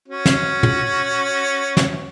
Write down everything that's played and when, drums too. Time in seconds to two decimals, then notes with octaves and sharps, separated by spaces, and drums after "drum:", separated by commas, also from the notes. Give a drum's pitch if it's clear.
0.08 C#4 F#4
0.26 drum: snare
0.63 drum: tom
1.77 drum: snare